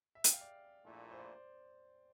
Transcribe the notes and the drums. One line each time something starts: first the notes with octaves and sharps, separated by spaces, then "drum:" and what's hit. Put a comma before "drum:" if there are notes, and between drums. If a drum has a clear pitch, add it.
E5
G5, drum: hi-hat
F5
D5
A#1 A#2 A3 E4
C5
D5